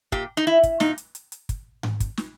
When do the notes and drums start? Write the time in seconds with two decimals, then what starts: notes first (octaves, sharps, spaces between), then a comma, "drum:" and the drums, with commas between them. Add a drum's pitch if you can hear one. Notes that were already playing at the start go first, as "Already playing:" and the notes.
0.12 A#2 G4, drum: kick
0.37 D#4
0.47 E4
0.63 drum: kick, hi-hat
0.80 A#2 D#4, drum: snare
0.98 drum: hi-hat
1.15 drum: hi-hat
1.32 drum: hi-hat
1.49 drum: kick, hi-hat
1.83 drum: tom G#2
2.00 drum: kick, hi-hat
2.17 drum: snare